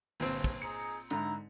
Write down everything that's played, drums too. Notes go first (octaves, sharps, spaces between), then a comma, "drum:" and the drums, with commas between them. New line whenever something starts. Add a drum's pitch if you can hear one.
G1 A#2 C4, drum: open hi-hat
drum: kick
D#4 G#4 A#5 C#7
G#2 D3 E4 A#5, drum: hi-hat